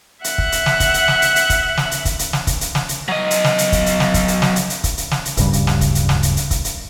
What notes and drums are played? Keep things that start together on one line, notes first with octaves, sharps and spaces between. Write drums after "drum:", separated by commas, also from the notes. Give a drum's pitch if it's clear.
E5 F#5, drum: hi-hat
drum: kick
drum: hi-hat
drum: snare
drum: kick, hi-hat
drum: hi-hat
drum: snare
drum: hi-hat
drum: hi-hat
drum: kick, hi-hat
drum: snare
drum: hi-hat
drum: kick, hi-hat
drum: hi-hat
drum: snare
drum: kick, hi-hat
drum: hi-hat
drum: snare
drum: hi-hat
F#3 D#5
drum: hi-hat
drum: snare
drum: hi-hat
drum: kick, hi-hat
drum: hi-hat
drum: snare
drum: kick, hi-hat
drum: hi-hat
drum: snare
drum: hi-hat
drum: hi-hat
drum: kick, hi-hat
drum: hi-hat
drum: snare
drum: hi-hat
D1 G2 C#3 G3, drum: kick, hi-hat
drum: hi-hat
drum: snare
drum: kick, hi-hat
drum: hi-hat
drum: snare
drum: hi-hat
drum: hi-hat
drum: kick, hi-hat
drum: hi-hat